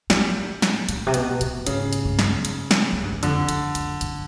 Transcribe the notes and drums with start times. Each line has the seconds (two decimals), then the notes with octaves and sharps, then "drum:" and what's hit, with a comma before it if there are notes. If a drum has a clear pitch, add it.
0.10 A2 G3, drum: snare
0.62 drum: snare
0.89 A#2, drum: hi-hat
1.07 C3
1.14 B2, drum: hi-hat
1.41 A2, drum: hi-hat
1.67 G#2 C#3, drum: hi-hat
1.93 drum: hi-hat
2.05 G2
2.19 drum: snare
2.45 drum: hi-hat
2.71 drum: snare
2.92 G#2
3.03 G2
3.12 F#2
3.23 F2 D3, drum: hi-hat
3.49 E2, drum: hi-hat
3.75 F2, drum: hi-hat
4.01 F#2, drum: hi-hat